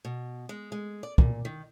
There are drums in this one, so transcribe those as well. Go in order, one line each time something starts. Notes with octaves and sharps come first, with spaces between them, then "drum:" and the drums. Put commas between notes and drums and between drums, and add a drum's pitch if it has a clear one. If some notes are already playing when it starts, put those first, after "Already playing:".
B2
G#3
G#3
D5
A#2, drum: kick
D#3